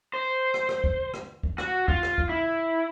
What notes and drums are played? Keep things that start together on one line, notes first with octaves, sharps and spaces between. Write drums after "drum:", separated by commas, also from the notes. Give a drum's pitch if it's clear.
C5
drum: rim click
drum: rim click
drum: kick
drum: rim click
drum: kick
F#4, drum: rim click
F4, drum: kick
drum: rim click
drum: kick
E4